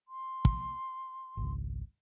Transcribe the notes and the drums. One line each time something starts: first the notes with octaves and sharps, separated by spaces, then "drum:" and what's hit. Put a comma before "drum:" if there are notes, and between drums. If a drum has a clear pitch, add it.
C6
drum: kick
G#1 C#2